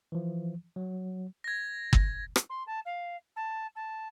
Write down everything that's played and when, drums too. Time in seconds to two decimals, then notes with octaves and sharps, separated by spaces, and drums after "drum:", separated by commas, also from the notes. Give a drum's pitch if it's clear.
0.12 E3 F3
0.76 F#3
1.44 G#6 A#6
1.93 drum: kick
2.36 drum: rim click
2.49 C6
2.66 A5
2.85 F5
3.36 A5
3.75 A5